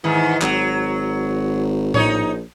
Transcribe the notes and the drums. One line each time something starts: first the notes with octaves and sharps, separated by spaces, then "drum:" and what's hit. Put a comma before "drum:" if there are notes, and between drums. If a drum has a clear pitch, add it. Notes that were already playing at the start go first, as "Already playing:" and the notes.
G#2 D#3 E3
G#1 F#3, drum: clap
A#1 D#4 C#5, drum: tom A2